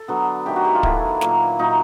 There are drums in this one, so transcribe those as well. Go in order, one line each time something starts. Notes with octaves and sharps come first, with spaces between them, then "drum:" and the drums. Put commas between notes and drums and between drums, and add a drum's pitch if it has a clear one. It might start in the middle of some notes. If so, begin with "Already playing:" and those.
Already playing: A4
D3 F#3 B3
D#3 F#3 A3 D4 G4
F#4
G4
F4
D#3 F#3 A3 D4 E4, drum: kick
A#2 F#3 A#3, drum: snare
A#2 F#3 A#3 D#4